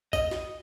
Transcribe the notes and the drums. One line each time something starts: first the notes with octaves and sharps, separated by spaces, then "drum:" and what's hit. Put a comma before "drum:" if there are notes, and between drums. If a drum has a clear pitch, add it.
D#5, drum: kick A#1, tambourine
drum: snare